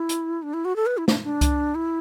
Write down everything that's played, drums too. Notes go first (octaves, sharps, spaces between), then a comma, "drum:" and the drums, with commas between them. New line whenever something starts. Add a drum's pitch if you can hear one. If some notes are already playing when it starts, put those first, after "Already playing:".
Already playing: E4
drum: hi-hat
D4
E4
F#4
A4
B4
E4
D4, drum: snare
D4
drum: kick C2, hi-hat
E4